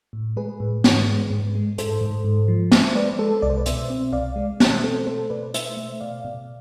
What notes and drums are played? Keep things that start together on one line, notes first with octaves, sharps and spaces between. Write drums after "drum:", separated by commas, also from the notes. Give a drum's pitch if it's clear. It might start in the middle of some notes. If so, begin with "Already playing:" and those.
A2
G#3 G#4 B4
A2
G#2, drum: snare
G#3
G#2
G#3
G#2 A4 C5, drum: hi-hat
G#2
G#2
F3
G#3 C5 E5, drum: snare
G#3 B4 D5
G#3 A4 C5
C2 D5
C5
B4 D5
B2 C5 E5, drum: hi-hat
C4
C2 D5 F5
G#3
B2 C5 E5, drum: snare
C4 A4 C5
A3 A4 C5
B2 B4 D5
A3 C5 E5, drum: hi-hat
A3
B2 D5 F5
B2